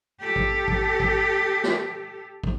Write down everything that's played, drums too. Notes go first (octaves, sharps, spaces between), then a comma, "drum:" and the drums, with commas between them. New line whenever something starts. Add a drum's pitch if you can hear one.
G4 A4
drum: kick
drum: kick
drum: kick
drum: snare
drum: kick